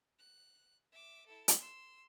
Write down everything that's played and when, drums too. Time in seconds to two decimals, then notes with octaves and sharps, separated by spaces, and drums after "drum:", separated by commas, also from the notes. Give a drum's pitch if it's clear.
0.19 F#6
0.92 E5 D6
1.26 E4 A4
1.48 drum: hi-hat
1.58 C6 E6